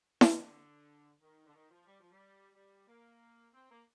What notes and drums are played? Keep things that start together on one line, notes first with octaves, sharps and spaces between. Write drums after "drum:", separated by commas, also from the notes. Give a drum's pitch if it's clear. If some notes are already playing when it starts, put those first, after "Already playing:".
D3, drum: snare E4
D#3
D3
D#3
F3
G3
F3
G3
G3
A#3
C4
A#3